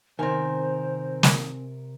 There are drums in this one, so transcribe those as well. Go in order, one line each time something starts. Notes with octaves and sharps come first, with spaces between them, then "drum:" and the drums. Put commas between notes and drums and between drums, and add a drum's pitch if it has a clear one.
C3 D#3 C4 A#4 C5 G#5
drum: snare